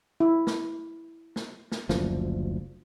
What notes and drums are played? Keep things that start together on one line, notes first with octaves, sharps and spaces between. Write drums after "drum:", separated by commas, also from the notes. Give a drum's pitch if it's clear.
E4
drum: snare
drum: snare
drum: snare
F#1 D2 F3, drum: snare